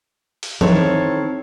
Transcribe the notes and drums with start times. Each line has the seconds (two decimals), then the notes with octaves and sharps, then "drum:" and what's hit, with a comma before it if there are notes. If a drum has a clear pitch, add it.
0.43 drum: open hi-hat
0.61 D#3 C4 E4 A4 C#5, drum: tom E3